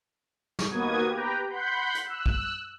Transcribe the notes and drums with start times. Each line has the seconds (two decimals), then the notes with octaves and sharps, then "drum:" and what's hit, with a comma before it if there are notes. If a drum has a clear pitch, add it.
0.59 drum: snare
0.68 D#2 A#3 B3 F#4 D#6 G#6
1.08 G4 B4 G5 A#5
1.49 F#5 B5 C6 G6
1.95 drum: hi-hat
2.05 E6 F#6
2.26 drum: kick